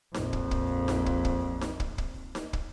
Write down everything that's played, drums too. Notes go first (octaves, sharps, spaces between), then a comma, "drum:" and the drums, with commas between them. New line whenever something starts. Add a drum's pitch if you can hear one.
A#1 F2, drum: snare D#4
drum: kick
drum: kick
drum: snare D#4
drum: kick
drum: kick
drum: snare D#4
drum: kick
drum: kick
drum: snare D#4
drum: kick